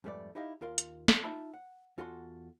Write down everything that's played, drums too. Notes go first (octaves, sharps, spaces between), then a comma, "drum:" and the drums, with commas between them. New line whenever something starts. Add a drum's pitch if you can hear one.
F2 G#2 G3 A3 B4 D5
D#4 E4 G4 D#5 F5
D#2 F4 A#4 F5 C6
drum: hi-hat
drum: snare
D#4 F4 E5 A5 B5
F#5
E2 F4 F#4 A4 F#5 C6